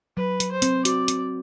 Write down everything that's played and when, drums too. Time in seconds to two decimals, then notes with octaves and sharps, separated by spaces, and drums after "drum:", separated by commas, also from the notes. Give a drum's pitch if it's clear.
0.17 F#3 B4
0.40 F#3, drum: hi-hat
0.52 C5
0.62 C4, drum: hi-hat
0.85 F#4 D5, drum: hi-hat
1.08 C4, drum: hi-hat